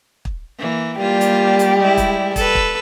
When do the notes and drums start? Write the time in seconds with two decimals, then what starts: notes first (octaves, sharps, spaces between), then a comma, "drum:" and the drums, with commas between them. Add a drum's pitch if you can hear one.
0.25 drum: kick
0.59 E3 A#3
0.98 G3 A#3 F4 G4 D5
1.21 drum: hi-hat
1.59 drum: hi-hat
1.78 G#3 E4
1.98 drum: kick, hi-hat
2.36 A4 B4, drum: kick, hi-hat
2.55 drum: kick